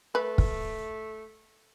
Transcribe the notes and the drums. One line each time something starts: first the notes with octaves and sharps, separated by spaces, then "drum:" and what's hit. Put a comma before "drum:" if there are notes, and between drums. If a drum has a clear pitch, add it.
A3 B4
drum: kick